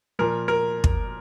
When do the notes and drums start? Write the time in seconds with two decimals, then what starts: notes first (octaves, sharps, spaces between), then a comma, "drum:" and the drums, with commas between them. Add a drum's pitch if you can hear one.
0.19 A#2 F3 A#4
0.48 A#4
0.84 drum: kick